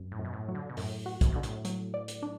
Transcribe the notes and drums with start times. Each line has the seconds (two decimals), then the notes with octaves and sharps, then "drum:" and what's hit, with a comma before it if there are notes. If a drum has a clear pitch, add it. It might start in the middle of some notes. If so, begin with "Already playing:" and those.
Already playing: F#2
0.12 A2
0.19 F#2
0.25 B2
0.33 A2
0.48 F#3
0.55 D3
0.69 B2
0.77 F#2 A2, drum: open hi-hat
1.06 F#4
1.21 A2, drum: kick, hi-hat
1.32 B2 D3
1.43 A2, drum: hi-hat
1.65 F#3, drum: hi-hat
1.94 D5
2.08 drum: hi-hat
2.22 D4